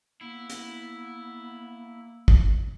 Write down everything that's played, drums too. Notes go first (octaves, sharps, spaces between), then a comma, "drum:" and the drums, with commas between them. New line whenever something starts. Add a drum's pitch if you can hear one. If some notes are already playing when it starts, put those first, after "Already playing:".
A#3 B3 E4
drum: hi-hat
drum: kick